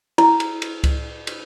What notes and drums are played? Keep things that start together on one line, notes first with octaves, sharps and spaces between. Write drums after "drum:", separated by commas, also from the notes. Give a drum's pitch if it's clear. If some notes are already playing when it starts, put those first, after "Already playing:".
E4, drum: cymbal
drum: cymbal
drum: cymbal
drum: kick C#2, cymbal
drum: cymbal